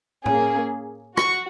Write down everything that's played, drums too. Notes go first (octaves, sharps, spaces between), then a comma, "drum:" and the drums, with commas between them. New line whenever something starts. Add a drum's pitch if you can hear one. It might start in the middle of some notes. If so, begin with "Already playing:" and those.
A#3 C#4 G#4, drum: tom A2
F#4 C#6, drum: rim click